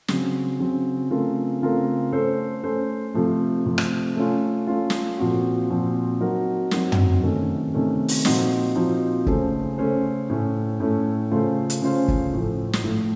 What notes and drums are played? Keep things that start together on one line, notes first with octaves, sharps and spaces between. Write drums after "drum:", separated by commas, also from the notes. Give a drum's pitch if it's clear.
C#3 F#3 C4, drum: snare
C#3 F#3 C4
C#3 A3 C4 F4 A#4
C#3 A3 C4 F4 A#4
A3 C#4 A4 C5
A3 C#4 A4 C5
C3 F3 A3
C3 F3 A3
drum: rim click
A3 C#4 F4
A3 C#4 F4
drum: snare
A#2 F3 C4 F#4
A#2 F3 C4 F#4
F#3 C4 D#4 F#4 A#4
F#3 C4 D#4 F#4 A#4, drum: snare
drum: tom
C3 D#3 A3 C#4
C3 D#3 A3 C#4
drum: open hi-hat
A#2 F3 C4 D#4 F#4, drum: snare
A#2 F3 C4 D#4 F#4
C#3 A3 C#4 A4 C5, drum: kick
C#3 A3 C#4 A4 C5
A2 A3 C#4
A2 A3 C#4
C#3 A3 C#4 F4 C5
drum: hi-hat
C#3 A3 C#4 F4 C5
drum: kick
A2 F3 A3
drum: snare
A2 F3 A3